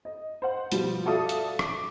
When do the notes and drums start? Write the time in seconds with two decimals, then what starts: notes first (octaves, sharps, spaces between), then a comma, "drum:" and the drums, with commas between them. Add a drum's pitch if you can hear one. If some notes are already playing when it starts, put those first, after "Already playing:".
0.05 D#5
0.42 C5 F#5
0.72 B2 F3 G3, drum: hi-hat
1.05 F#4 A4 D5 E5 F5 D#6
1.29 drum: hi-hat
1.59 D6, drum: rim click